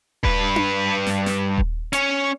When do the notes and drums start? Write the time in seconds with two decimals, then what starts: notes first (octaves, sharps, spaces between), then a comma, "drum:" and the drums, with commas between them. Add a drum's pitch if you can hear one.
0.23 G2 B4, drum: kick D#1
0.56 drum: tom D4
1.06 drum: snare
1.26 drum: snare
1.58 drum: kick D#1
1.93 C#4 C#5, drum: hi-hat